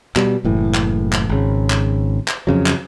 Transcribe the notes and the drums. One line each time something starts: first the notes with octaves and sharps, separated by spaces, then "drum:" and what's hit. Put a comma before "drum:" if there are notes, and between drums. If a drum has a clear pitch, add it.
B2 G3, drum: clap
F#1 A2 E3
drum: clap
drum: clap
G#1 C#3
drum: clap
drum: clap
F2 C#3 F#3
drum: clap